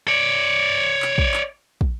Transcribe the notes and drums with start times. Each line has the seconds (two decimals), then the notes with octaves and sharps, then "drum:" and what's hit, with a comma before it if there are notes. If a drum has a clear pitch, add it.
0.08 C#5 D5
1.02 drum: clap
1.18 drum: kick
1.34 drum: clap
1.81 drum: kick